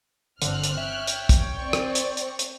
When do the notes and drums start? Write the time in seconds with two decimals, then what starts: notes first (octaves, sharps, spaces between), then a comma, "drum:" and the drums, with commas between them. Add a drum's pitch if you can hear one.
0.42 G1 D3 E3 C4 F6 F#6, drum: hi-hat
0.64 drum: hi-hat
0.77 C#5 E5 G5
1.07 drum: hi-hat
1.29 drum: kick, hi-hat
1.59 C4 D5 C#6
1.73 drum: rim click
1.95 drum: hi-hat
2.17 drum: hi-hat
2.39 drum: hi-hat